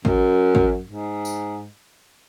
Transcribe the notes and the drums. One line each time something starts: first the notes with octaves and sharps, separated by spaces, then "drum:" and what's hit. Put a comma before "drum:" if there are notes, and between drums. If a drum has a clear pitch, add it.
F#2, drum: kick A1
drum: kick A1
G#2
drum: tambourine